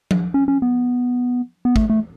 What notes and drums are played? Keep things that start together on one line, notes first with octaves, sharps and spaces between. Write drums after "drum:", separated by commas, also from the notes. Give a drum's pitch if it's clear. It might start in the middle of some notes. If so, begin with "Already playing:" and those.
drum: tom F3
C#4
C#4
B3
B3
A3, drum: kick
A3